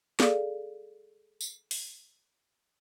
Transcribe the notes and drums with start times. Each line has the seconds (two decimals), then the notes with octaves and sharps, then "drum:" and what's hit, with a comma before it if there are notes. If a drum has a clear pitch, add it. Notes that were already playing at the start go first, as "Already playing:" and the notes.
0.20 G#4 A4 D5 F5, drum: snare
1.41 drum: tambourine
1.71 drum: open hi-hat